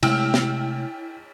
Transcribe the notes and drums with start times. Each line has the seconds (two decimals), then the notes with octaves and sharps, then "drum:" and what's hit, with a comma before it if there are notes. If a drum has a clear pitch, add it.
0.03 C3 G#3 A3 E4 G5 E6 F6, drum: cymbal
0.34 drum: snare